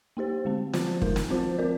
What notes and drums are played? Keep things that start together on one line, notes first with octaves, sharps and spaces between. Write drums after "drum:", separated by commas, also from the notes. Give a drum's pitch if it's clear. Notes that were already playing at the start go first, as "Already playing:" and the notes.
A#3 D#4 G4 C5
D3 G#3 C4
F3 C4 F4 C5, drum: snare
G#3 D#4 A#4, drum: kick
drum: snare
F3 C4 F4 C5
C4 F4 A#4 D5